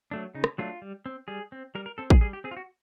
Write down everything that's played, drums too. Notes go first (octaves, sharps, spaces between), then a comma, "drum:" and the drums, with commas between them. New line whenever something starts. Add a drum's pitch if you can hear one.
F#3 A3 D4
C#3 D#4
drum: rim click
F#3 A3 D4 F4
G3
C4
G3 G#4
C4
G3 A#4
A#4
C4 A4
G#4, drum: kick
G3 G#4
G4
C4 G#4
F4
F#4